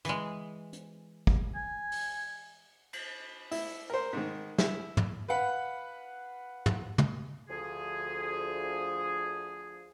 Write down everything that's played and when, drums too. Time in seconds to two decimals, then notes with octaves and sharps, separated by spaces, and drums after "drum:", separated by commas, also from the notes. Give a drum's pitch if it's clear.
0.05 E3 G#3, drum: hi-hat
0.73 drum: hi-hat
1.27 drum: kick
1.55 G#5
1.92 drum: open hi-hat
2.93 drum: cymbal
3.51 E4, drum: open hi-hat
3.90 A#4 C5
4.13 G#2 D#3
4.58 E4, drum: snare
4.97 drum: tom
5.28 B4 F5 F#5 B5
6.66 drum: tom
6.98 drum: tom
7.49 D2 F3 G#4